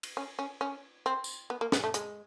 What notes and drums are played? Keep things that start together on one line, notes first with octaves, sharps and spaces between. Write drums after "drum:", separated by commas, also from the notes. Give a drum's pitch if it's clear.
drum: cymbal
C#4
C#4
C#4
C4
drum: tambourine
B3
A#3
B3, drum: snare
A3
G#3, drum: hi-hat